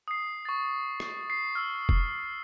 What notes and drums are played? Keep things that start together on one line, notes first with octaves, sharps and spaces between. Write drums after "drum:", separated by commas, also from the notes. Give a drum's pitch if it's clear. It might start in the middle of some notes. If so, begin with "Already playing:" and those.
D#6 C7
C#6 A6
drum: rim click
C7
E6 F6
drum: kick F1